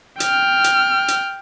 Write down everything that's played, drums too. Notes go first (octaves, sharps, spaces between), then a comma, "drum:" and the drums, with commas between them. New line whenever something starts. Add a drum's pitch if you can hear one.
G5 F6, drum: hi-hat
drum: hi-hat
drum: hi-hat